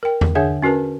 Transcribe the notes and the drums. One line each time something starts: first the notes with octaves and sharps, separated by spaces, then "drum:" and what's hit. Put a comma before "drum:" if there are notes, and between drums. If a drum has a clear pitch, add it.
A#4 G5
drum: tom E2
D3 D4 G#4 C#5 E5 F#5
C#4 F#4 A#4 B4 A5